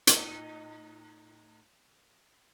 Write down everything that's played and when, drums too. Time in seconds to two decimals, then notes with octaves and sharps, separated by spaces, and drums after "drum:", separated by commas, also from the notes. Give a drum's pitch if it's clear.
0.07 A2 D#4, drum: hi-hat